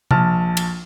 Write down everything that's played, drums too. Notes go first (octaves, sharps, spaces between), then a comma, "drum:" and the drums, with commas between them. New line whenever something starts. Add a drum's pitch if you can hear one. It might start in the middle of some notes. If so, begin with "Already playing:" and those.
A#1 A5 F6, drum: tom C3
drum: cymbal